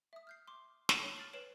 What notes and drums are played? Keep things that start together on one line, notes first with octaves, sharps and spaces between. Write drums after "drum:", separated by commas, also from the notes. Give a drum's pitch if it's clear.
E5 D#6
F6 G6 C7
C6 D6
drum: snare
C#5 A5
F6 A6 C7 F#7
B4 C#5 C7 D7 E7 F#7